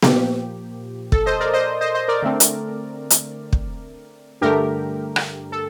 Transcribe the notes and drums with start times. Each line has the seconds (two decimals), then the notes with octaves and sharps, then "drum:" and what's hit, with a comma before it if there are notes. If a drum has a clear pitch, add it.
0.03 A#2 F3 A#3 G4, drum: snare B3
1.12 A4, drum: kick
1.26 C5 D#5
1.40 A#4 D5
1.54 C5 D#5
1.81 C5 D#5
1.95 C5 D#5
2.08 A#4 D5
2.22 D3 A3 C4
2.40 drum: hi-hat
3.10 drum: hi-hat
3.53 drum: kick
4.41 G2 D3 A3 G4 A#4
5.16 drum: rim click
5.52 A4